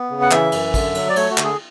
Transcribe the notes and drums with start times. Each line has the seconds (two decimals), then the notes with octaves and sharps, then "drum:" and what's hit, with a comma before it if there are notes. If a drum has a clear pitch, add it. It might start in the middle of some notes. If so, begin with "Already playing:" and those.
Already playing: B3
0.11 C#3
0.22 F#5
0.31 E3 E5, drum: clap
0.52 F#2, drum: cymbal
0.74 D3, drum: kick, cymbal
0.95 F#3, drum: cymbal
1.09 D5
1.16 A3 C#5, drum: cymbal
1.31 F#4
1.38 D3, drum: clap
1.44 G#4